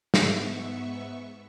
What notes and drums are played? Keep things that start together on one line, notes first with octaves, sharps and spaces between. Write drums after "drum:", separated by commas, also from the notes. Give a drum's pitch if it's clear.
G#2 B3 E5 C#6, drum: snare